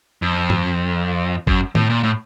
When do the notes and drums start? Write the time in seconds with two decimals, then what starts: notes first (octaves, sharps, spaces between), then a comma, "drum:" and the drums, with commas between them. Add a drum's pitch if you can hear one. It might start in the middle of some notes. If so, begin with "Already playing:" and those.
0.22 F2
0.50 drum: tom G2
1.47 F#2, drum: kick
1.75 A2, drum: tom D#3
1.90 A#2
2.03 A2